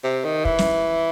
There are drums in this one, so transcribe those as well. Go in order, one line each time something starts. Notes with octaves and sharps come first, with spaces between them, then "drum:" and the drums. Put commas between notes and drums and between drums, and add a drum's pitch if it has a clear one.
C3
D#3
E3, drum: kick
drum: snare